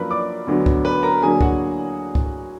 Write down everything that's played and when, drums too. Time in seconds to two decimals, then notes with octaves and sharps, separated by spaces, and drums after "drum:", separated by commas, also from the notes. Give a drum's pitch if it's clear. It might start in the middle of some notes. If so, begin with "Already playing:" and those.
Already playing: F#2 F3 A#3 D4 A#4 B4 B5
0.11 D5 D6
0.47 D2 D3 F#3 B3
0.66 drum: kick
0.85 B4 B5
1.03 A#4 A#5
1.22 D2 D3 F#3 A#3 D4 G#4 G#5
1.41 F#4 F#5, drum: kick
2.15 drum: kick